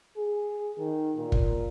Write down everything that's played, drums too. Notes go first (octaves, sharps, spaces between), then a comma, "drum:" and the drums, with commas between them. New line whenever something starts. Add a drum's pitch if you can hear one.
G#4
D#3
A#2
drum: kick